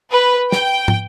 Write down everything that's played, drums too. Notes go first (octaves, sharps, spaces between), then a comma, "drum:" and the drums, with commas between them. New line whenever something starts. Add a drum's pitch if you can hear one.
B4
G5, drum: snare
drum: tom